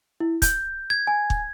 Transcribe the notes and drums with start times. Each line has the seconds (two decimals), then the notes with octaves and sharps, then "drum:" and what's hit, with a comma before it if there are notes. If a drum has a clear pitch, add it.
0.20 E4
0.42 G6, drum: kick, hi-hat
0.90 G#6
1.07 G#5
1.30 drum: kick